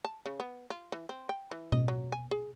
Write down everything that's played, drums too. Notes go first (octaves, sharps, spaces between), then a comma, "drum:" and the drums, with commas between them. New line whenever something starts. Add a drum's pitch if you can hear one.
A5
C#3
B3
F4
E3
C4
G5
E3
D#5, drum: tom B2
F#3
G#5
G#4